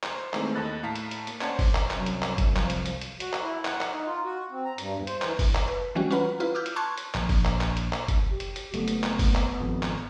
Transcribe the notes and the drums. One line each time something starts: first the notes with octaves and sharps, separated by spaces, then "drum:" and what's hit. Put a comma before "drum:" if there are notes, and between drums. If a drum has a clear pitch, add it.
C5, drum: clap
D#3 E3 G#3 A3 C4, drum: clap
D#2 A4 D#5 B5 F#6 A6
A2 F5 A5 A#5 B6
drum: hi-hat
drum: hi-hat
A#3, drum: hi-hat
C#4 C5 D5 F#5 A5 G#6, drum: clap
drum: kick F#1, open hi-hat
drum: clap
C2 F#2, drum: clap
drum: hi-hat
drum: clap
drum: kick F#1, hi-hat
C2 F3, drum: clap
drum: hi-hat
drum: hi-hat
drum: hi-hat
F#4, drum: hi-hat
drum: clap
E4
F#5, drum: clap
drum: clap
D#4
F4
F#4
C4
A#5
G2, drum: hi-hat
E2
C5, drum: hi-hat
E3, drum: clap
drum: kick F#1, open hi-hat
drum: clap
B4
E3 G3 G#3 C#4 F#4
C#4 F4 B4 F#5 A#5 B5
E4 F4 B4
D6 E6 F6 G6
drum: hi-hat
A5 C6 C#6 F#6 G#6
drum: hi-hat
A#1, drum: clap
drum: kick F#1, open hi-hat
drum: clap
drum: clap
drum: hi-hat
drum: clap
drum: kick F#1, hi-hat
G4
drum: hi-hat
drum: hi-hat
F#1 A3 B3, drum: hi-hat
drum: hi-hat
drum: clap
drum: kick F#1, open hi-hat
drum: clap
G#1 F2
drum: clap